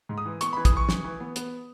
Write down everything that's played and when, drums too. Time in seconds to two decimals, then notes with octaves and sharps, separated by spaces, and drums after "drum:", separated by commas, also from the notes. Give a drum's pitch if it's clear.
0.09 G#2
0.18 D#6
0.26 E3
0.41 B3 C#6, drum: hi-hat
0.53 B5
0.57 E3
0.65 D#6, drum: kick, hi-hat
0.73 E3 C#6
0.89 E3, drum: snare
1.04 E3
1.20 B3
1.36 B3, drum: hi-hat